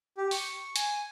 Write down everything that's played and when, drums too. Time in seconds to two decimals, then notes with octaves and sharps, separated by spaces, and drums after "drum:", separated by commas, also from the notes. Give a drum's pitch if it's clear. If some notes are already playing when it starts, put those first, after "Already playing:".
0.17 G4
0.31 C#6, drum: open hi-hat
0.76 G#5, drum: hi-hat